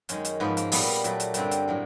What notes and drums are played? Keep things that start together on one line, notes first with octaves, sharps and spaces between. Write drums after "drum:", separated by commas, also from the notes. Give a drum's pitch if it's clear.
F#2 D#3 G#3 C#4, drum: hi-hat
drum: hi-hat
G#2 F3 A#3 B3
A#3, drum: hi-hat
A#2 G3 A#3 B3, drum: open hi-hat
A#2 F#3 A3, drum: hi-hat
drum: hi-hat
G2 D3 G3 A#3 C4, drum: hi-hat
drum: hi-hat
A2 F#3 A#3